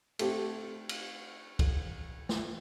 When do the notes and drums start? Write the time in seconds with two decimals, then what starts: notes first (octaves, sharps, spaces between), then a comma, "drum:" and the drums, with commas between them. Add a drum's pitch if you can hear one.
0.19 A3 C4 G4, drum: cymbal
0.89 drum: cymbal
1.59 drum: kick, cymbal
2.29 drum: snare